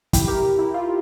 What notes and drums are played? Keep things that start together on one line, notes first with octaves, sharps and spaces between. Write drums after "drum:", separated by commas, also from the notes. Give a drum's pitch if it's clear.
E4 G4, drum: kick, hi-hat
G4 A#4
E4
F4